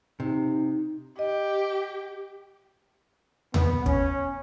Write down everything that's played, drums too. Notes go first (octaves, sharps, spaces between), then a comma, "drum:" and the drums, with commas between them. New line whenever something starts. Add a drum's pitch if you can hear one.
C3 D#4
G4 D#5
B3, drum: tom D#2
C#4, drum: kick